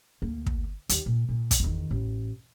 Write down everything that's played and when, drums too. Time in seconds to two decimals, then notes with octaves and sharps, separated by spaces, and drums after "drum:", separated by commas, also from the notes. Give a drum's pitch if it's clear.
0.22 D2 A#3
0.47 drum: kick
0.89 D#2, drum: hi-hat
1.06 A#2
1.29 A#2
1.51 drum: kick, hi-hat
1.60 E2 D#3
1.91 A1